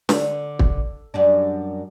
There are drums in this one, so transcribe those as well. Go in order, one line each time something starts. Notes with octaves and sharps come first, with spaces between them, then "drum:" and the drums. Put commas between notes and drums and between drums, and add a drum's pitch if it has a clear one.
D3, drum: snare
drum: kick
F#2 G3 D4